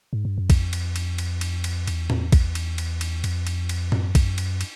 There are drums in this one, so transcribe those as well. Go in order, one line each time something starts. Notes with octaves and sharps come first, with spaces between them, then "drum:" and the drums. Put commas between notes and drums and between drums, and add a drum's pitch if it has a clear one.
G#2
G2
F#2
F2, drum: kick, cymbal
drum: cymbal
drum: cymbal
drum: cymbal
drum: cymbal
drum: cymbal
E2, drum: cymbal
drum: tom A2
drum: kick, cymbal
drum: cymbal
drum: cymbal
drum: cymbal
F2, drum: cymbal
drum: cymbal
drum: cymbal
F#2, drum: tom A2
drum: kick, cymbal
drum: cymbal
drum: cymbal